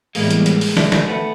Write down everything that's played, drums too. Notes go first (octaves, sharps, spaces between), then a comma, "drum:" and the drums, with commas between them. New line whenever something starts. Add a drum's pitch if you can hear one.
A2 E3 G3 G#3 A#3 B3, drum: open hi-hat
drum: hi-hat
drum: hi-hat
drum: open hi-hat
drum: snare
drum: snare
A3 B3